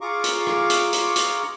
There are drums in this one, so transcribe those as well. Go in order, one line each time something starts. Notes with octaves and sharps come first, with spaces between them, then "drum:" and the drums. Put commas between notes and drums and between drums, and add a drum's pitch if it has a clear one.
F4 G#4 F5 A#5 C#6 D6
drum: hi-hat
drum: rim click
drum: hi-hat
drum: hi-hat
drum: hi-hat